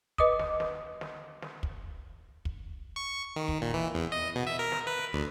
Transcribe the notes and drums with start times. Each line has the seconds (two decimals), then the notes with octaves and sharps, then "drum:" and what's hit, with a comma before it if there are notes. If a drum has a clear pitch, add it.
0.18 B4 D#5 D6 D#6, drum: kick
0.39 drum: snare
0.60 drum: snare
1.01 drum: snare
1.42 drum: snare
1.63 drum: kick
2.45 drum: kick
2.96 C#6
3.36 D#3
3.48 drum: kick
3.62 A#2
3.74 E3
3.95 E2
4.12 D#5
4.35 B2
4.47 E5
4.59 A#4
4.72 drum: snare
4.87 B4
5.13 D2